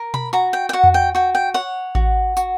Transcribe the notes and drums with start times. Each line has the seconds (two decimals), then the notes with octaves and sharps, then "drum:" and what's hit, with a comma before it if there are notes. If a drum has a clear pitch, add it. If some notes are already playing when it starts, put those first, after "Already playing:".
Already playing: A#4
0.14 B5, drum: tom B2
0.33 F#4 A#5
0.53 G5
0.69 G5
0.73 F#4 F#5
0.84 drum: tom E2
0.94 G5
1.15 F#4 G5
1.35 G5
1.54 C#5 F#5
1.95 F#4, drum: kick A1
2.37 F#4, drum: tambourine